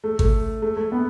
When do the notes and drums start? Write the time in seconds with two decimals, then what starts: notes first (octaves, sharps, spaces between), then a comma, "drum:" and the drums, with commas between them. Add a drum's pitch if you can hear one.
0.04 A3
0.19 A3, drum: kick G#1
0.62 A3
0.77 A3
0.92 B3